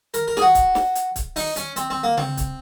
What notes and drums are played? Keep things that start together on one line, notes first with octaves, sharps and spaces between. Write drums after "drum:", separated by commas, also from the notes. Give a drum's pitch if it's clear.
A#4, drum: hi-hat
A#4
G#4, drum: snare
F#4
drum: kick C#1, hi-hat
drum: snare
drum: hi-hat
drum: kick C#1, hi-hat
D#4, drum: open hi-hat
C#4, drum: hi-hat
C4, drum: hi-hat
C4
A#3
C4, drum: tom C#3
drum: kick C#1, hi-hat